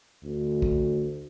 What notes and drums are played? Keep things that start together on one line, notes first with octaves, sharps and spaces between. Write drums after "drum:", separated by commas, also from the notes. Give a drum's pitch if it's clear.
D2
drum: kick